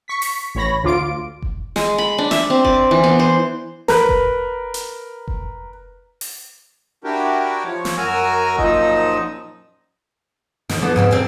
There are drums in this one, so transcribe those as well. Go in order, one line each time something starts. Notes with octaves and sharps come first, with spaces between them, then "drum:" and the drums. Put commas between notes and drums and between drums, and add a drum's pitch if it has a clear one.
C#6 B6
drum: open hi-hat
A1 C#5 B5 A#6
D2 F4 D6 D7
drum: kick F1
G#3, drum: snare
B5
D4
E5, drum: snare
C4
D5, drum: kick F1
E3
B3
C5
A#4 B4, drum: snare
drum: kick F1
drum: hi-hat
drum: kick F1
drum: open hi-hat
D4 E4 F#4 G4 A#4 G5
F3 C#5
drum: snare
F#2 F#4 A#4 G#5 A#5 E6
F#2 A#2 F3 D#4 D#5 E6, drum: kick F1
D#2 D#3, drum: snare
D3 F3 B3
G#2 C#3 C4
F2 C3 C4